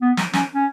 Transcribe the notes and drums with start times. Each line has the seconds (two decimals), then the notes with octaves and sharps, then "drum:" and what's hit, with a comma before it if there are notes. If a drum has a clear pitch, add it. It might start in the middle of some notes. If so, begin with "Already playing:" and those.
0.01 B3
0.17 drum: snare
0.33 C#4, drum: snare
0.54 C#4